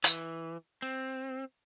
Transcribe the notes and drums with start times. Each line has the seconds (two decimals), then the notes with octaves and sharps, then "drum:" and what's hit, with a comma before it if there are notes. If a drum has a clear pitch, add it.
0.04 E3, drum: hi-hat
0.82 C4